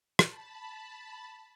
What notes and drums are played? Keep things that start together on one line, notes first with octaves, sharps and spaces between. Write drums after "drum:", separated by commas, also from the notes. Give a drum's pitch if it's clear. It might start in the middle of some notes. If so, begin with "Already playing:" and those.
A5 B5, drum: rim click